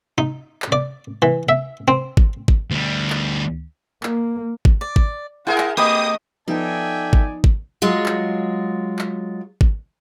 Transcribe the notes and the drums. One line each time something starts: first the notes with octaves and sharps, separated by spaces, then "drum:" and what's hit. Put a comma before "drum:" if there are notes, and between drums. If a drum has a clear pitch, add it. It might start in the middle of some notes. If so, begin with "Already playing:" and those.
D#4
drum: clap
D5
E3
E5
C4
drum: kick G#1
drum: kick G#1
D2 G3
drum: clap
A#3, drum: clap
drum: kick G#1
D5
drum: kick G#1
E4 G#4 A#4 F#5 G5
drum: clap
A3 G4 D#5 G5 B5 D#6
F3 B3 D#4 A4 D5 E5 G5 G#5
drum: kick G#1
drum: kick G#1
F#3 G#3 F4 C#5
drum: clap
drum: clap
drum: kick G#1